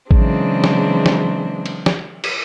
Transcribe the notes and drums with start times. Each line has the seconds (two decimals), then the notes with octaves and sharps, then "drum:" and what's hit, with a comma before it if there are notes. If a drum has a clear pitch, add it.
0.11 C#3 E3 F#3 G#3 C4 D4, drum: kick A1
0.64 drum: snare
1.06 drum: snare
1.66 drum: cymbal
1.86 drum: snare
2.24 drum: cymbal